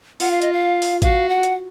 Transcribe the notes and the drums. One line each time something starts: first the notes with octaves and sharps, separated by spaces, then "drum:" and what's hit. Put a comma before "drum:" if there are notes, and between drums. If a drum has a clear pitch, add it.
F4 F#5, drum: open hi-hat
F5
D#5, drum: hi-hat
F5
drum: open hi-hat
F#4 F5, drum: kick A1, hi-hat
F#5
drum: hi-hat